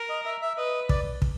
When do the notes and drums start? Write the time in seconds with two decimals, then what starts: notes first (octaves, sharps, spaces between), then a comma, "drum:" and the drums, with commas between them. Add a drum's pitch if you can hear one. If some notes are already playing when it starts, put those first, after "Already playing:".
Already playing: A#4
0.09 D#5
0.25 E5
0.42 E5
0.57 B4 D#5
0.89 D5, drum: kick
1.22 drum: kick